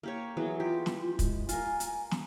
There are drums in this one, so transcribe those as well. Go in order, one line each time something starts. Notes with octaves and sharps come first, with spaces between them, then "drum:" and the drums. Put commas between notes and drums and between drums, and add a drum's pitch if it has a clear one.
A#3 G4 C#5
E3 F#3 B3 G#4
F4 G4
drum: snare
G#3, drum: kick, hi-hat
F4 A#4 G#5, drum: hi-hat
drum: hi-hat
drum: snare